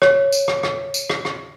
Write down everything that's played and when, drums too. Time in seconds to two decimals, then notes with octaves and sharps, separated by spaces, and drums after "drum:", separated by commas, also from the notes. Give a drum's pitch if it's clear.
0.02 C#5, drum: rim click
0.32 drum: tambourine
0.48 drum: rim click
0.63 drum: rim click
0.94 drum: tambourine
1.10 drum: rim click
1.25 drum: rim click